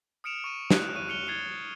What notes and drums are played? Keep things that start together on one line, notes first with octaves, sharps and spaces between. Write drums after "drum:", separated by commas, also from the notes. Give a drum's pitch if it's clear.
D#6 F6 C#7 D7 E7 F7
C#6 D#7
D#6 F#6, drum: snare
C#6 F#6 D#7
F6 C#7 F7 G7
G#6 A6 C7 C#7 F7 G7